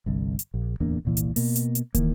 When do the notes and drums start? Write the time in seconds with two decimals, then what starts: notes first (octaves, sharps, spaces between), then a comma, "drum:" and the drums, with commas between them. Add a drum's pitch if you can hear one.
0.06 G1 C2
0.39 drum: hi-hat
0.54 A#1
0.80 D1 E2 A#3 D4
1.05 D#1 C2 A#2 E3
1.17 drum: hi-hat
1.36 B2 A#3, drum: open hi-hat
1.56 drum: hi-hat
1.75 drum: hi-hat
1.95 D#3 E3 A#3, drum: kick, hi-hat